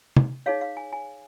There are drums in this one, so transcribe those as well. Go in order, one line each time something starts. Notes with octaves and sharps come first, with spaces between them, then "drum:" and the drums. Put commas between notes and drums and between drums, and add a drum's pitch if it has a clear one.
drum: tom
D#4 G#4 C#5 F5
F5
G#5
G#5